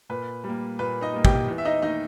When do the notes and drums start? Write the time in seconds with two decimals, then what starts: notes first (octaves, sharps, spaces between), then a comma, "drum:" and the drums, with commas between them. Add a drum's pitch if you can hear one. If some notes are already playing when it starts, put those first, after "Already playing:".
0.10 A#2 B4
0.44 G3
0.49 A#3
0.79 A#2 B4
1.01 D#4 D#5
1.13 G3 A#3
1.25 G4 G5, drum: kick
1.48 E2
1.58 E5
1.65 D#4 D#5
1.82 D#3 A#3 D#4 D#5